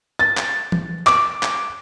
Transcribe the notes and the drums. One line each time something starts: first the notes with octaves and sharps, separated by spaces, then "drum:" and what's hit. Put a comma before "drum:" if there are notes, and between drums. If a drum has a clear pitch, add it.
A6
drum: clap
drum: tom E3
D6, drum: clap
drum: clap